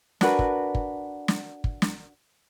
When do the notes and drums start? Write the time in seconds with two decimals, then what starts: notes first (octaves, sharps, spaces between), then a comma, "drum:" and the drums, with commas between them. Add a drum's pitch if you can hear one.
0.21 D4 F#4 A#4 B4, drum: snare
0.39 drum: kick
0.75 drum: kick
1.28 drum: snare
1.64 drum: kick
1.82 drum: snare